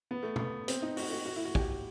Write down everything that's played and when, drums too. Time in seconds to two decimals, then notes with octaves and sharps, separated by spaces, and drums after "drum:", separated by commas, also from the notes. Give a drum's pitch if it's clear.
0.11 B3
0.23 A3
0.36 B3, drum: tom B2
0.68 C4, drum: hi-hat
0.82 D#4
0.97 F#4, drum: open hi-hat
1.11 F#4
1.26 F#4
1.36 E4
1.45 F#4
1.55 G4, drum: kick